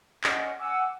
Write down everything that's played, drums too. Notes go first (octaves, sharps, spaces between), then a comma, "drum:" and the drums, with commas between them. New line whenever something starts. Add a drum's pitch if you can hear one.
C#4 D#5 F#5, drum: clap
F#5 G#5 D6 E6